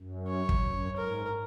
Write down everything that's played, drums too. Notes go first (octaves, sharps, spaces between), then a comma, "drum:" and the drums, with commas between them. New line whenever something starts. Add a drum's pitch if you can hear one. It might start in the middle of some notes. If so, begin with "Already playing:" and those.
Already playing: F#2
C#5
drum: kick
F#2
G#2 A#4